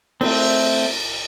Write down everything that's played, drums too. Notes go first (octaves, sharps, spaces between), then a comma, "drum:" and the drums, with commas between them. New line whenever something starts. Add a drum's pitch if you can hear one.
A3 C4, drum: cymbal